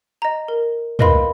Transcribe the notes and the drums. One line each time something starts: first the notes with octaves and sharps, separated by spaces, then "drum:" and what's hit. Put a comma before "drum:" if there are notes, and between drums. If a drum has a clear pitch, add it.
D#5 A#5
A#4
A#4 B4 D#5 F5 B5 C6, drum: tom